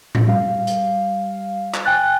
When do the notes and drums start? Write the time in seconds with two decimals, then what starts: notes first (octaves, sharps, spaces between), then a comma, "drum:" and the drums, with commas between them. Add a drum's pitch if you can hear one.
0.15 drum: tom A2
0.26 G3 F5
0.67 drum: hi-hat
1.74 drum: clap
1.85 G5 G#5 F#6 A6